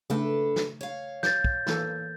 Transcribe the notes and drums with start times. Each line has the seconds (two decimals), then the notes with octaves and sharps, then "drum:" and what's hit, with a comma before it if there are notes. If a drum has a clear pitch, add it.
0.10 C#3 A3 D4 A4 B4
0.56 drum: snare
0.81 C#5 F5
1.23 G6 A6, drum: snare
1.45 drum: kick
1.67 E3 A#3 A4, drum: snare